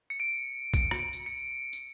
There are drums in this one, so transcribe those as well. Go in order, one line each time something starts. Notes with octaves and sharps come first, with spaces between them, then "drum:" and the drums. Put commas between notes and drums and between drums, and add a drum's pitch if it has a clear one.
C#7
D7
D7, drum: kick, tambourine
C#7, drum: rim click
D7
drum: tambourine
C#7
drum: tambourine